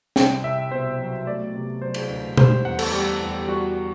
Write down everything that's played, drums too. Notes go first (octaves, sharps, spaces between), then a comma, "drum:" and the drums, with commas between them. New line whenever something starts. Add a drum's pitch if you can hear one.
C2 G5, drum: snare
C2 E5
B2 C5
F#3
A3 D5
C3
F#3 C5
drum: cymbal
D2
G3 C5, drum: tom B2
E2 F#5
A4, drum: cymbal
G3 G4
E2
G3 F#4